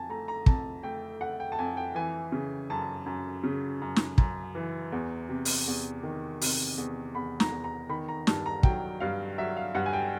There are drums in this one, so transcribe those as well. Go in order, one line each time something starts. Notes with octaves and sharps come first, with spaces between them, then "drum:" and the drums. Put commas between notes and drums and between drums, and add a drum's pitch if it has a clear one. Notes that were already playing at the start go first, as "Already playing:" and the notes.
Already playing: F2 G#5 A5
A3 A#5
A#5
F2 A5, drum: kick
A3 G5
A3 F#5
G5
A5
F2 G#5
G5
E3 G#5
C#3
F#2 A5
F#2
C#3
F#2
drum: snare
F#2, drum: kick
E3
E2
C3
drum: open hi-hat
E2
D#3
C3, drum: open hi-hat
E2
E2 B5
A#5, drum: snare
E2
A#5
D#3 B5
A#5
G2 A5, drum: snare
A#5
F#3 G5, drum: kick
G2 F5
F#3 E5
F5
G2 F#5
G#5
G5